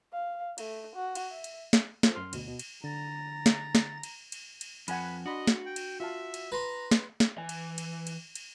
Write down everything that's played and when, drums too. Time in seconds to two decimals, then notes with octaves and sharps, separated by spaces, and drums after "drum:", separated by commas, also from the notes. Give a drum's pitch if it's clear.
0.13 F5
0.58 A3, drum: cymbal
0.95 F#4
1.15 drum: cymbal
1.31 E5
1.44 drum: cymbal
1.73 drum: snare
2.03 F4 A4 C5, drum: snare
2.15 F#2 C6 F6
2.33 D2 B2, drum: cymbal
2.47 B2
2.59 drum: cymbal
2.84 D3 A#5 A6
3.46 drum: snare
3.75 drum: snare
4.03 drum: cymbal
4.32 drum: cymbal
4.61 drum: cymbal
4.88 F2 B4 F#5 G#5 B5, drum: cymbal
5.26 D4 F#4 D#5 B5 C6
5.47 drum: snare
5.66 G5
5.76 drum: cymbal
6.00 F4 E5 F5 A5
6.34 drum: cymbal
6.52 B4 A#5 C6
6.91 drum: snare
7.20 drum: snare
7.38 E3 G#5
7.49 drum: cymbal
7.78 drum: cymbal
8.07 drum: cymbal
8.35 drum: cymbal